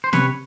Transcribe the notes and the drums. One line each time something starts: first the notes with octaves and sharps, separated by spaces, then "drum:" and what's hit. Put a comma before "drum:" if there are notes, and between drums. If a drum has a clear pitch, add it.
C5
C3 B4 C#5, drum: snare